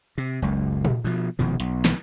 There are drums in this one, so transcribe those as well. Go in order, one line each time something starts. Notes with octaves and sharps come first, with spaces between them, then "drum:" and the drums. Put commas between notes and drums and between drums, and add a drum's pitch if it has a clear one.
C3
F#1 C#2
drum: tom A#2
B2 F3
F1 B2 D#3 F3
B1, drum: hi-hat
drum: snare